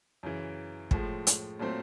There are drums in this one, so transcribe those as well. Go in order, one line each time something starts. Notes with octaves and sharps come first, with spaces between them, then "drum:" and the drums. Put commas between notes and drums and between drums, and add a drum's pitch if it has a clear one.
F#2 C#3 E3
A2 F3 G#3, drum: kick
drum: hi-hat
A#2 F#3 A3 C4